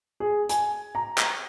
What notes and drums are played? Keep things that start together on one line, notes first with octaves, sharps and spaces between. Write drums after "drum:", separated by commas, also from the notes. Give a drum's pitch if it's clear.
G#4
G#5, drum: hi-hat
A#5
drum: clap